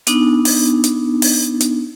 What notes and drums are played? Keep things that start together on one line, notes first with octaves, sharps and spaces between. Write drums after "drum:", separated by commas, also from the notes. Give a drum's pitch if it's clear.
B3 D4 D#4, drum: hi-hat
drum: open hi-hat
drum: hi-hat
drum: open hi-hat
drum: hi-hat